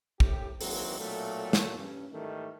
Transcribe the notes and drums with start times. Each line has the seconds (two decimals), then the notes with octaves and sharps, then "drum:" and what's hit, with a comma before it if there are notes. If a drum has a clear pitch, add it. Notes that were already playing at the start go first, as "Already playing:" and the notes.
0.20 C2 A2 G4, drum: kick
0.61 D#3 E3 F#3 G#3 A#3 C4, drum: open hi-hat
0.99 B1 A#2 F#3 A3
1.53 drum: snare
1.78 G2 C#4
2.12 G#2 D#3 E3 G3 A3